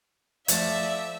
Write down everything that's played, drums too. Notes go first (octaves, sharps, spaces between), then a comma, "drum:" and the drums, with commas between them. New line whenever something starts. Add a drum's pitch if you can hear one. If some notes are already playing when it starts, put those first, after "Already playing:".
F3 A3 D5 E5, drum: hi-hat